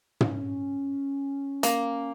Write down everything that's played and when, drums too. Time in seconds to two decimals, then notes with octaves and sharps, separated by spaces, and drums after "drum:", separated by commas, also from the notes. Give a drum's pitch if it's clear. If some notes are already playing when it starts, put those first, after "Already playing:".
0.21 C#4, drum: tom
1.63 A#3, drum: hi-hat